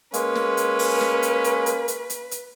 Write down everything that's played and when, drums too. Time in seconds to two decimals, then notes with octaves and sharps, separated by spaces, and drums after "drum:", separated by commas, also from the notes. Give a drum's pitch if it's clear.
0.14 G#3 A#3 C#4 B4, drum: hi-hat
0.35 drum: snare
0.57 drum: hi-hat
0.79 drum: open hi-hat
1.01 drum: snare
1.22 drum: hi-hat
1.44 drum: hi-hat
1.66 drum: hi-hat
1.88 drum: hi-hat
2.10 drum: hi-hat
2.31 drum: hi-hat